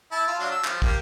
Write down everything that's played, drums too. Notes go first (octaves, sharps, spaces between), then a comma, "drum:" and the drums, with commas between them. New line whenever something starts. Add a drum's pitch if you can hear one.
E4 A5
F4
F#3 D4 F5
E6
F3, drum: clap
A#3 G4, drum: kick